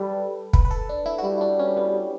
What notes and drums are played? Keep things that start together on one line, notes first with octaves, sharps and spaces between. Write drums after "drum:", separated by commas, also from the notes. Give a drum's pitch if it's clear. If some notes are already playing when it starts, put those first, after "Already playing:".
Already playing: G3 A4 B4
B4, drum: kick
B4
A4
D4
E4
F#4
G3 E4
E4
D4
C#4
B3